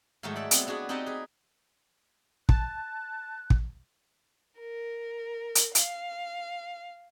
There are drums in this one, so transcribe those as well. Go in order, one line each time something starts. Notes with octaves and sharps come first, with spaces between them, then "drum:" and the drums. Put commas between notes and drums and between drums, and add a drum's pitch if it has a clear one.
G#2 D#3 F#3 G#3 A3
A4 D5 B5
G#3 B3 C4, drum: hi-hat
B3 D4 F#4 G#4 B4
C4 D#4 G4 D#5 F#5 A5
G#4 B4
A5 F#6, drum: kick
drum: kick
A#4
drum: hi-hat
F5, drum: hi-hat